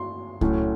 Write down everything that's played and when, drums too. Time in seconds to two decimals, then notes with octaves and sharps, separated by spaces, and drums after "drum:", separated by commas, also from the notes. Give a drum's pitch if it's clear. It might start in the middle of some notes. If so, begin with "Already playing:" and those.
Already playing: C6
0.41 A2 F#3 A3 C#4, drum: kick C2